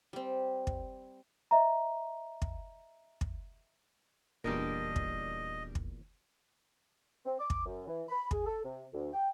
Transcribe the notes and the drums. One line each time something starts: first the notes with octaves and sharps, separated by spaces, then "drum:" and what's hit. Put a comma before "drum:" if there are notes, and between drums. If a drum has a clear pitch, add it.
G3 C4
drum: kick
D#5 E5 A#5
drum: kick
drum: kick
D#1 E2 A#2 G3 D4 A#4 D#5
drum: kick
drum: kick
C4
D6
drum: kick
F#2
E3
B5
G#4, drum: kick
A4
C3
D2
G5